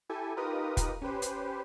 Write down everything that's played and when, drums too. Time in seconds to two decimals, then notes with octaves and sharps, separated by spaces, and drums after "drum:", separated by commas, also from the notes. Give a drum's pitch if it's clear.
0.09 E4 G4 A4 G#5
0.37 D#4 F4 G4 A#4 B4 D#6
0.77 drum: kick, hi-hat
1.01 C#4 G4 B4 C5
1.22 drum: hi-hat